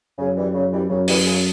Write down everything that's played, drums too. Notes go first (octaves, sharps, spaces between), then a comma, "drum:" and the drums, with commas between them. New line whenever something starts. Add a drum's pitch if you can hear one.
F#2 C#3
E3 G3
C#3
E3 G3
F#2 C#3
E3 G3, drum: open hi-hat
C#3